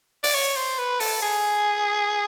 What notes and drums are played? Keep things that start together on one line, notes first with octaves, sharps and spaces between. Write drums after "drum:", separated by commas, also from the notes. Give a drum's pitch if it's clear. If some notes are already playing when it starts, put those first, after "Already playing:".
D5, drum: open hi-hat
C#5
C5
B4
A4, drum: open hi-hat
G#4